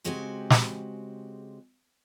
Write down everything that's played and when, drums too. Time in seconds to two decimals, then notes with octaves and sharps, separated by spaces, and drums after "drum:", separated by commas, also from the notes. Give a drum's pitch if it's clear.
0.04 C#3 G#3 C4 F#4 G4 G#5
0.50 drum: snare